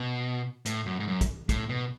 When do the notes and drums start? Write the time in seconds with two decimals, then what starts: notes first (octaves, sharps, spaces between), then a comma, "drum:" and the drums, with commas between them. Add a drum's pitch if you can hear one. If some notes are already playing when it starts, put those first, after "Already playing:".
Already playing: B2
0.66 A2, drum: hi-hat
0.86 F#2
1.00 G#2
1.07 F#2
1.21 drum: kick, hi-hat
1.49 A2, drum: kick, hi-hat
1.69 B2